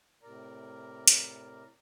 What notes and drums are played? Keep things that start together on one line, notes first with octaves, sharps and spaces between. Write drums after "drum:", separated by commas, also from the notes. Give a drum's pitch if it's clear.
A2 C3 A#4 D5 A#5
drum: hi-hat